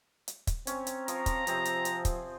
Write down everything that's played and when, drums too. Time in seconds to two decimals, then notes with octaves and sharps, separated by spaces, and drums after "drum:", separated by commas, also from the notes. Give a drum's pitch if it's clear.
0.28 drum: hi-hat
0.47 drum: kick, hi-hat
0.67 C4 C#4 A#5, drum: hi-hat
0.87 drum: hi-hat
1.08 F3 C#5 A#5, drum: hi-hat
1.26 drum: kick, hi-hat
1.47 C3 F3 C4 G#4, drum: hi-hat
1.65 drum: hi-hat
1.85 drum: hi-hat
2.05 drum: kick, hi-hat